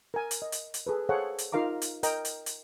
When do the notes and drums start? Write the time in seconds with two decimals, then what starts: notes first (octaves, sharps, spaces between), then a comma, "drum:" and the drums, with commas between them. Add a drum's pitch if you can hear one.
0.14 A#4 G#5
0.31 drum: hi-hat
0.42 D#5
0.52 drum: hi-hat
0.74 drum: hi-hat
0.87 G#4 A4 B4
1.09 G#4 A4 C5 C#5 F5 F#5
1.38 drum: hi-hat
1.52 D#4 F4 A#4 F5 A#5 D6
1.82 drum: hi-hat
2.03 A#4 D#5 G5 A#5, drum: hi-hat
2.25 drum: hi-hat
2.46 drum: hi-hat